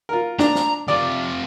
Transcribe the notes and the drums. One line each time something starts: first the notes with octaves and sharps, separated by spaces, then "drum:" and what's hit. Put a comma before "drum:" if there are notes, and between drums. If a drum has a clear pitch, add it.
F4 A#4
D4 A#5, drum: snare
drum: snare
C3 F4 D5